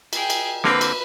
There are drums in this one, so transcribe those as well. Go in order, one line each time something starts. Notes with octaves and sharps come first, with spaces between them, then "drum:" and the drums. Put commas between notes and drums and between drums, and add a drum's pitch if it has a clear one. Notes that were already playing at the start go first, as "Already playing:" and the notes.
G#4 G5, drum: cymbal
drum: cymbal
D3 A#3 C4 B4, drum: snare
drum: cymbal